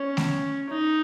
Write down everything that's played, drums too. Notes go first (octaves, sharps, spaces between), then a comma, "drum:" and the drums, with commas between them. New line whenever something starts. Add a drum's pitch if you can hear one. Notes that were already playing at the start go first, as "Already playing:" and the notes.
Already playing: C#4
drum: snare A3
D#4